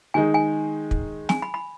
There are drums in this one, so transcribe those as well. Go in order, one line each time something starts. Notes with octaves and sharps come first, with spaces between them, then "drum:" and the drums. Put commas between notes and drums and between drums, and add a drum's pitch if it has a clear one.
D#3 G#3 D#4 G#5
G#5
drum: kick
G#5, drum: snare
B5
B5